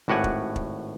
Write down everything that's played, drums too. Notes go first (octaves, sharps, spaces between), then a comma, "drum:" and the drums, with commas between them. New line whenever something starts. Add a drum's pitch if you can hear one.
G#1 A2 F#4 G4 F#5 G#5
drum: kick
drum: kick